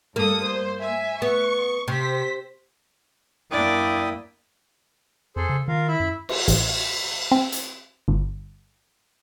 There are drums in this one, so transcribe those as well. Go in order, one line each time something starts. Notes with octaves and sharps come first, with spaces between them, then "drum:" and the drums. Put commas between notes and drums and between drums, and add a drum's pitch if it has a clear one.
G2 A#3 A4 D#6
C5
E5 G#5
B3 C#6
C3 C5 B6
F#2 A#3 D4 E4 D5 G5 D#6
F2 G#4 A4 C5
C#3
D#3 F4 A#4 F5
E4 E5 B5
F#2
drum: cymbal
A1, drum: hi-hat
C4
drum: hi-hat
G1